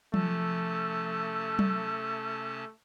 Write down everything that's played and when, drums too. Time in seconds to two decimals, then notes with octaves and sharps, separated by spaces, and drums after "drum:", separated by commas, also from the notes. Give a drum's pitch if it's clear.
0.14 C3 F3 A3 C#4 A5 E6, drum: tom F#3
1.59 drum: tom F#3